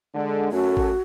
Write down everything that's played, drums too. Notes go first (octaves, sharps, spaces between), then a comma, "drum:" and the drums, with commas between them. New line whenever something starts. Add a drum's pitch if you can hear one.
D3 G#3
F#2 A3 C#4 F#4
drum: kick A1